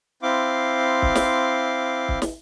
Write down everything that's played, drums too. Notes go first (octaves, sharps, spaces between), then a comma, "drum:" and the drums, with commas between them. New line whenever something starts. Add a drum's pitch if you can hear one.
C4 E4 F5 C6 D6
drum: kick
drum: snare
drum: kick
drum: snare